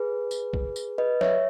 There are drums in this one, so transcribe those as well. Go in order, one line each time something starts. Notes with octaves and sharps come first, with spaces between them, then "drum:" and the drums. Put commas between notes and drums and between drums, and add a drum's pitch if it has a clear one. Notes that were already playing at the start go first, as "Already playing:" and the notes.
Already playing: G#4 B4
drum: tambourine
drum: kick
drum: tambourine
B4 D#5
C#5 E5, drum: snare F#3